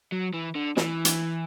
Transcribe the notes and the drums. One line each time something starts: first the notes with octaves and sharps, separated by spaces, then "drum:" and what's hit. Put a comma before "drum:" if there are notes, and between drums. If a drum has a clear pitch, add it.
F#3
E3
D3
E3, drum: snare
drum: hi-hat